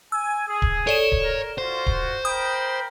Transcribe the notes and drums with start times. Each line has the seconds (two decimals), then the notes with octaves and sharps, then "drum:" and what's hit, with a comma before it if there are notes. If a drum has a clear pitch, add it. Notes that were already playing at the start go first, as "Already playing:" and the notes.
0.12 G#5 E6
0.48 G#4
0.62 drum: kick D1
0.87 A4 C#5 D5 E7
1.12 drum: kick D1
1.21 A#4
1.58 F4 F#4 C5
1.87 drum: kick D1
2.25 A#4 G5 B5 D#6